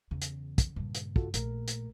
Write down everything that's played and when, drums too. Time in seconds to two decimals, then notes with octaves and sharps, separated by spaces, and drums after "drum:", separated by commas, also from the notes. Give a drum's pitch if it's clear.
0.11 E2 C#3
0.22 drum: hi-hat
0.58 drum: kick, hi-hat
0.76 G2 A#2
0.95 drum: hi-hat
1.16 F4 F#4 A4, drum: kick
1.34 A#1 A#2 A3 A#4, drum: hi-hat
1.68 drum: hi-hat